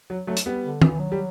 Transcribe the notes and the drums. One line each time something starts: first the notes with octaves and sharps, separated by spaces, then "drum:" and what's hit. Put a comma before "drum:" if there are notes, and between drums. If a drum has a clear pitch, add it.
F#3
F#3 A3
drum: hi-hat
G3 B3
D3
E3, drum: tom D#3
F#3
G3